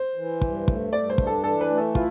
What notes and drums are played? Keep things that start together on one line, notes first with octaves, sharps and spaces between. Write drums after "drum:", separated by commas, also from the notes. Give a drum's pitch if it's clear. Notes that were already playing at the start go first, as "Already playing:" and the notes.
Already playing: C5
E3
G2, drum: kick
A3, drum: kick
G2 D5
C5
D4, drum: kick
A4
E3 A4
B4
A3
A4
E4 F4, drum: kick